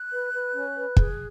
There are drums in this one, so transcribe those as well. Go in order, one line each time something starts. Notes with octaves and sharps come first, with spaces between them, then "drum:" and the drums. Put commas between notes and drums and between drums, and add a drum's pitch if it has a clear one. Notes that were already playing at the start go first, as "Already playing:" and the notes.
Already playing: F#6
B4
B4
C#4
B4
G#4, drum: kick